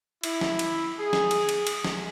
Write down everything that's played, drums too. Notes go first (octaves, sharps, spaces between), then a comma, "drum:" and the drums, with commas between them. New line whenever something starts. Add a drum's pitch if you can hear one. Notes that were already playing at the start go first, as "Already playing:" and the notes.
E4, drum: cymbal
drum: snare
drum: cymbal
G#4
drum: snare
drum: cymbal
drum: cymbal
drum: cymbal
drum: snare